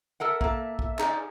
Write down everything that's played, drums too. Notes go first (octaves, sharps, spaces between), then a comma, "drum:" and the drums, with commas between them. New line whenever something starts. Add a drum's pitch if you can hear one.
A4 A#4 E5 F#5
A#3 A4, drum: kick
drum: kick
D#4 G#4 D5, drum: clap